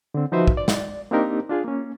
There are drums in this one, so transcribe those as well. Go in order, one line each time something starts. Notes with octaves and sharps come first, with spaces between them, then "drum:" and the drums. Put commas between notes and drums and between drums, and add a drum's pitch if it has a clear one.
D3 C4
F3 D#4 F#4 B4 C5 E5
drum: kick
D5
drum: snare
A#3 C4 D4 D#4 G4 A#4
D4 F4 G#4
A#3 C#4